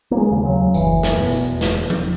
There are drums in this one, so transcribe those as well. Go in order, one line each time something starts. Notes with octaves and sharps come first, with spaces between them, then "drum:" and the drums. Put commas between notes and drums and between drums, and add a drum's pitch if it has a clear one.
A#3
G#3
D#2 C#3
F#3
F#1 E3, drum: tambourine
drum: snare
E2 B2
drum: tambourine
E1, drum: snare
drum: tom F3